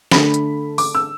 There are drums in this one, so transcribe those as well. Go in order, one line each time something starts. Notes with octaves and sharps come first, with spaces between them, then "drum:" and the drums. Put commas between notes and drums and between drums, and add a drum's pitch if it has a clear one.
D3 A3 D4 B5, drum: snare
drum: hi-hat
D6, drum: open hi-hat
E6